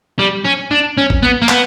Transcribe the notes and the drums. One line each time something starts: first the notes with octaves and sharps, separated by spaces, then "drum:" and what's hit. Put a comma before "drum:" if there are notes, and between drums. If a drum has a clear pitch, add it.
G3
C#4
D4
C#4
drum: kick G#1
B3
A#3
B3, drum: clap